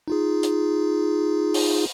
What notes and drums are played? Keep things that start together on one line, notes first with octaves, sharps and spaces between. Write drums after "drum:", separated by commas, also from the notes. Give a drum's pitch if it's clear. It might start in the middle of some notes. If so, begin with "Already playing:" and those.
D#4 F4 G#4
drum: hi-hat
drum: open hi-hat